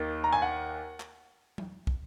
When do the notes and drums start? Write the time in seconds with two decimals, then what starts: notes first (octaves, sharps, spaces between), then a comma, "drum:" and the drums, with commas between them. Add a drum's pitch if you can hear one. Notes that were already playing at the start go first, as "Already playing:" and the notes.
Already playing: D#2 D#3 A#3
0.24 A#5
0.33 G#5
0.42 F#5
1.00 drum: clap
1.58 drum: tom F#3
1.87 drum: kick